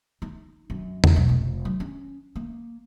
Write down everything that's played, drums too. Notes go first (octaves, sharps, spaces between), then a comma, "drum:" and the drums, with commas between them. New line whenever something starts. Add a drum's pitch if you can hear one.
D#4
F#2
C#3, drum: tom E2
B1
F1
F#3
C#4
A#3